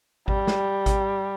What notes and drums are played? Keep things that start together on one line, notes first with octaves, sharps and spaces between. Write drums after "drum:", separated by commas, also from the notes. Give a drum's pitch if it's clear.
G3, drum: kick G#1
drum: snare
drum: kick G#1, hi-hat